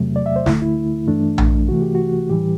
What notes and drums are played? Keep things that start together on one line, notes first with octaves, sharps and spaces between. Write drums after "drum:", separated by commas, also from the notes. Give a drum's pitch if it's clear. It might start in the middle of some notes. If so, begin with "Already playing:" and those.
Already playing: E2 C3 F#3 A3
D5
E5
C5
D2 D3 A3 E4, drum: snare
E4
G2 E3 A3 D4
drum: tom A#1
C2 C3 E3 A3 F#4
G4
F#4
A2 E3 G3 G4